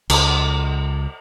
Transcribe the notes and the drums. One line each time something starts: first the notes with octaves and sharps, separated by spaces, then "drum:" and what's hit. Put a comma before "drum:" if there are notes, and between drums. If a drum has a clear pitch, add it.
C#2, drum: cymbal